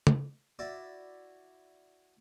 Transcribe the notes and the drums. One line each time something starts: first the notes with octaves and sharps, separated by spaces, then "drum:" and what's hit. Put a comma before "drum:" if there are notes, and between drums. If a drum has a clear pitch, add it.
drum: tom C#3
E4 F#4 D5